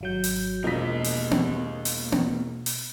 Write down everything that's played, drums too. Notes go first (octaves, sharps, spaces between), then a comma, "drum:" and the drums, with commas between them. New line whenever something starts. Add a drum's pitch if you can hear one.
G#1 F#3 G6
drum: open hi-hat
E1 B2 F3 A#3 D#5 B6
drum: open hi-hat
drum: tom B3
drum: open hi-hat
drum: tom B3
drum: open hi-hat